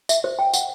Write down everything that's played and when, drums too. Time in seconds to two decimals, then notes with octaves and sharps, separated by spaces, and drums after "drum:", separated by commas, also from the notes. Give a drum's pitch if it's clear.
0.09 E5, drum: tambourine
0.24 C5
0.39 G5
0.54 F#5, drum: tambourine